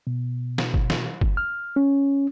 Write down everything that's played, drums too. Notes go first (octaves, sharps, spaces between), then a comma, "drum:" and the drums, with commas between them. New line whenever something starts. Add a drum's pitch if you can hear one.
B2
drum: snare
drum: kick
drum: snare
drum: kick
F6
C#4